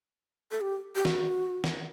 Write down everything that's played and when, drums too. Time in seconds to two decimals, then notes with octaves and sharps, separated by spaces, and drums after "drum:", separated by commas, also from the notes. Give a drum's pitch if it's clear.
0.51 A4
0.61 G4
0.95 G4
1.05 F#4, drum: snare
1.64 drum: snare